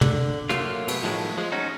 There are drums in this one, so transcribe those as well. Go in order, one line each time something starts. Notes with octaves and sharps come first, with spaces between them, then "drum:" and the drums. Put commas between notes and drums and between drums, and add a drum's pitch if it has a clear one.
D3, drum: tom
F#3 A3 A#3 F4, drum: rim click
B2, drum: cymbal
A2 D#3 F3 F#3 G#3
F3 G#3
C#4 D#4 F#4